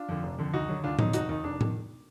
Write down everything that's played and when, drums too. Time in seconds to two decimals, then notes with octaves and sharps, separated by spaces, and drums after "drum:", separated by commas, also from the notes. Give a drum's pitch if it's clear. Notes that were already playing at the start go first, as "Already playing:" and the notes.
Already playing: D4 F4
0.09 F2 D3
0.23 F1
0.38 F2 D3
0.53 D2 D#4 F#4
0.68 D3 F#3
0.84 D2 D4 F4
0.99 D3 F#3 D#4, drum: tom A2
1.13 F1 D#4 F#4, drum: hi-hat
1.29 D#2 D#3 D#4
1.44 F1 D4
1.61 D#3, drum: tom A2